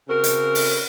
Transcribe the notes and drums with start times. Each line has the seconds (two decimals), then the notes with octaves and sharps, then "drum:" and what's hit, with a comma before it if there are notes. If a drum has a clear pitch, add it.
0.08 C#3 C4 F#4 A#4
0.24 drum: hi-hat
0.55 drum: open hi-hat